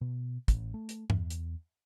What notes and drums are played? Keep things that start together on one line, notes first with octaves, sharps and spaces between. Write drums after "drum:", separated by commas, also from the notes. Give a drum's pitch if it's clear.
B2
A1, drum: kick, hi-hat
A3
drum: hi-hat
E2, drum: tom G2
drum: hi-hat